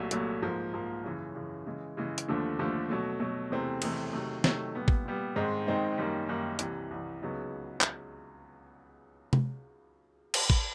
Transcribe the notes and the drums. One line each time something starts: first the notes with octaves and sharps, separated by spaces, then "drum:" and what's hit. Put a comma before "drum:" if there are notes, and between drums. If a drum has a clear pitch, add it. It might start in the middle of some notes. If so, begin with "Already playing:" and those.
Already playing: C2 A#2 F#3 A3
C2 A#2 F#3 A3, drum: hi-hat
G#2 F3 A#3
G#2 F3 A#3
F#2 C#3 E3
F#2 C#3 E3
C#3 E3 G#3
C#3 E3 G#3
drum: hi-hat
D#2 D3 F3 A3 D4
D#2 D3 F3 A3 D4
B2 F#3 A3
B2 F#3 A3
E2 C3 E3 A3 C4
E2 C3 E3 A3 C4, drum: cymbal
C3 D#3 F#3 A3
C3 D#3 F#3 A3, drum: snare
A#2 G3 B3
drum: kick
A#2 G3 B3
G#2 D#3 G#3 C4 D#4
G#2 D#3 G#3 C4 D#4
F#2 D#3 G3 A#3
F#2 D#3 G3 A#3
C2 C3 E3, drum: hi-hat
C2 C3 E3
C#2 C#3 F#3 B3 D#4
drum: clap
drum: tom C3
drum: cymbal
drum: kick